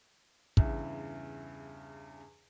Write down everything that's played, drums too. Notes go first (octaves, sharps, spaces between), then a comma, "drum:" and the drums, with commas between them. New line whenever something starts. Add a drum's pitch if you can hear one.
E2 G2 C#3 E4, drum: kick